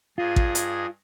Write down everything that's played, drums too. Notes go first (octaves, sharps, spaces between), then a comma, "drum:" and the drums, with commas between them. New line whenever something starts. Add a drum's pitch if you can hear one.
G2 F4 G#4 D#5
drum: kick A1
drum: hi-hat